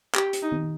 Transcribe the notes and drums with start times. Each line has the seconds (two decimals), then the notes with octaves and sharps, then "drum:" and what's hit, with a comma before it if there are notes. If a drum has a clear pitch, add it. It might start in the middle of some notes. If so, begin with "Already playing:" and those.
0.15 G4, drum: clap
0.33 drum: hi-hat
0.43 D#4
0.52 drum: tom